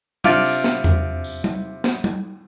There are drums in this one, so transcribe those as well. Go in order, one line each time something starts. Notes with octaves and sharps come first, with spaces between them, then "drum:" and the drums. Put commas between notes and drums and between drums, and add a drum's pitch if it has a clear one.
C3 D4 F4, drum: tom G3
drum: tambourine
drum: snare
drum: tom E2
drum: tambourine
drum: tom G3
drum: snare
drum: tom G3